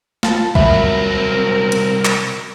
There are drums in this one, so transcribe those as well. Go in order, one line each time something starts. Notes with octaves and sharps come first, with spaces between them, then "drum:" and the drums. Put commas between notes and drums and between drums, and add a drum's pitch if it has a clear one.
F4 A5, drum: snare
C2 F#3 C4 A#4 E5 B5, drum: kick
drum: hi-hat
drum: clap